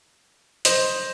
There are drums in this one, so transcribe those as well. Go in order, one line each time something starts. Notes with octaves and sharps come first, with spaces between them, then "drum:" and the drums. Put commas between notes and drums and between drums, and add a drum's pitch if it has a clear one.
C5 D#5, drum: hi-hat